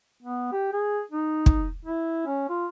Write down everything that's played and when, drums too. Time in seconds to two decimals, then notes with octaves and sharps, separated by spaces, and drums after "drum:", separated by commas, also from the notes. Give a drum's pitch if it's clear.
0.23 B3
0.52 G4
0.73 G#4
1.12 D#4
1.46 drum: kick
1.85 E4
2.26 C#4
2.49 F4